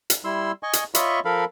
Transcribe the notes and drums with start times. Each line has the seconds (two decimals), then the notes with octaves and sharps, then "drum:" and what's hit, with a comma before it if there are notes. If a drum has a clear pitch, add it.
0.10 drum: hi-hat
0.25 G3 E4 C6 E6
0.63 D#5 G#5 C#6
0.73 drum: hi-hat
0.95 F4 C#5 D#5 E5 B5 C#6, drum: hi-hat
1.25 F3 A4 A#4 F5 B5